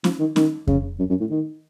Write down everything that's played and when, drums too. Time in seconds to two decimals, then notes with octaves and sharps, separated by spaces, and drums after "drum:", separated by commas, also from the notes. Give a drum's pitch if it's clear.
0.04 F3, drum: snare C#4
0.19 D#3
0.36 D#3, drum: snare C#4
0.67 C#3, drum: kick F2
0.99 F#2
1.10 F#2
1.20 A2
1.31 D#3